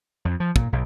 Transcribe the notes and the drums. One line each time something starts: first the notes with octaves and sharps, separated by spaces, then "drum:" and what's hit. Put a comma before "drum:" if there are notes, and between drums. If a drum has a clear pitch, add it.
F2
F3
A#2, drum: kick
B1